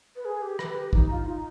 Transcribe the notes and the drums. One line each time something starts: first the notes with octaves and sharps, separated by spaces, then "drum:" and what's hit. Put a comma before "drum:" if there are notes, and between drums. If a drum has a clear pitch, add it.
B4
G#4
G4
B4, drum: rim click
G4
D#4, drum: kick
F4
D#4